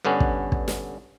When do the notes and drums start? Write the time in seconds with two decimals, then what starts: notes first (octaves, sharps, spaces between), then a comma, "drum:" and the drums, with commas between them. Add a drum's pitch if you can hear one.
0.05 G2 D3 B3 C#4
0.20 drum: kick
0.52 drum: kick
0.68 drum: snare